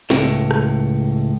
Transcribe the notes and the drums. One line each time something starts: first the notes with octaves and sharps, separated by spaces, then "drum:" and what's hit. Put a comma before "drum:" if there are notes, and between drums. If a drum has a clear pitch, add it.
C#2 A2, drum: snare
drum: rim click